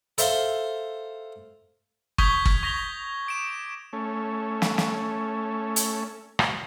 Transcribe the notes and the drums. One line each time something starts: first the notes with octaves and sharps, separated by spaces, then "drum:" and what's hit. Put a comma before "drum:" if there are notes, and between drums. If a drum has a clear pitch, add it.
A4 C5 E5 F5 A#5 C6, drum: hi-hat
C#6 D#6 G6 G#6 B6 G7, drum: kick G#1
drum: kick G#1
C#6 A#6 B6 F7 G7
D6 D7 E7
A3 C#4
drum: snare
drum: snare
drum: hi-hat
drum: rim click